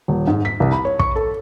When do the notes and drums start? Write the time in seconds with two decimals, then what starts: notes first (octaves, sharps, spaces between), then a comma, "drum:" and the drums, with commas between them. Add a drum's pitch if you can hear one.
0.08 D#1
0.27 G#2
0.45 B6
0.60 C2
0.72 B5
0.85 C#5
0.99 C#6, drum: kick
1.16 A4